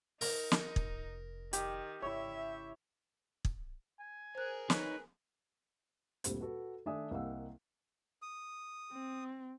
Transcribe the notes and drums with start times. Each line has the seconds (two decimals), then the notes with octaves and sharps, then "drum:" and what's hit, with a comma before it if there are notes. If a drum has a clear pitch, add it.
0.21 D#4 A#4, drum: open hi-hat
0.52 drum: snare
0.76 F1 F4, drum: kick
1.53 D#3 G4, drum: hi-hat
2.02 G#1 C#3 E4 C#5 E5
3.45 drum: kick
4.00 G#5
4.35 G#4 A#4 C5 F#6
4.70 D#4 B4 C#5, drum: snare
6.24 D2 A#2 G3 C4, drum: hi-hat
6.41 F#4 A4 B4 F#5
6.86 D#3 A3 D4 E5 G#5 D#6
7.11 C2 A#3 D#5 F5 F#5 E6
8.22 D#6
8.92 C4